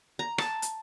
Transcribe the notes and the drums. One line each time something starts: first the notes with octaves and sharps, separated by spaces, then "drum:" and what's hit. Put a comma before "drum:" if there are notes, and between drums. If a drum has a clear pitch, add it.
A#5
A5, drum: rim click
drum: hi-hat